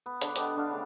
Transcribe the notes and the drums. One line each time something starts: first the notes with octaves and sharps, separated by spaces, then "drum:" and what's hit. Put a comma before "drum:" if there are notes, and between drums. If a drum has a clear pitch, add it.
B3
D3 F#5 D6, drum: hi-hat
G3 B3 D4 D#5, drum: hi-hat
D3 D4 F5
C#3 A3